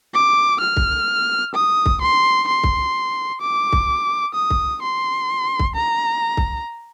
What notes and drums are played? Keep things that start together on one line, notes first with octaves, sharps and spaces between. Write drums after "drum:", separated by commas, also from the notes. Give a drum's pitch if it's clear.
D6
F6
drum: kick C2
D#6
drum: kick C2
C6
C6
drum: kick C2
D6
drum: kick C2
D#6
drum: kick C2
C6
drum: kick C2
A#5
drum: kick C2